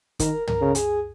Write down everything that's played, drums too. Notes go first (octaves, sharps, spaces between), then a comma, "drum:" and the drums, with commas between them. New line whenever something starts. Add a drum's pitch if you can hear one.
D#3 A#4, drum: kick, hi-hat
A#4, drum: tom
C#3
G#4, drum: hi-hat